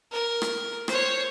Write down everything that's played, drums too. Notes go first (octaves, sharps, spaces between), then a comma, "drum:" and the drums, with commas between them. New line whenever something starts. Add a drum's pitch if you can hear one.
A#4
drum: rim click
C5 C#5, drum: rim click